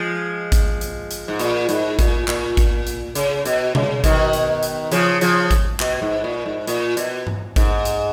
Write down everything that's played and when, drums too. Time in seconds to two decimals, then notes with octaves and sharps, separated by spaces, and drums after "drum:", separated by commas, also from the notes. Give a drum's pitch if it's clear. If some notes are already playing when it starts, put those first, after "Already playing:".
Already playing: F3 G#3
0.52 drum: kick G#1, hi-hat
0.81 drum: hi-hat
1.11 drum: hi-hat
1.28 G#2
1.39 A#2, drum: hi-hat
1.69 G#2, drum: hi-hat
1.99 A#2, drum: kick G#1, hi-hat
2.28 A#2, drum: clap
2.57 drum: kick G#1, hi-hat
2.87 drum: hi-hat
3.15 C#3, drum: hi-hat
3.46 B2, drum: hi-hat
3.75 C#3, drum: tom B2
4.04 B2 D#3, drum: kick G#1, hi-hat
4.33 drum: hi-hat
4.63 drum: hi-hat
4.92 C#3 F3, drum: hi-hat
5.21 C#3 F3, drum: hi-hat
5.51 drum: kick G#1, hi-hat
5.80 B2, drum: clap
6.02 G#2
6.24 A#2
6.46 G#2
6.67 A#2, drum: hi-hat
6.97 B2, drum: hi-hat
7.27 drum: tom G2
7.56 G#2, drum: kick G#1, hi-hat
7.85 drum: hi-hat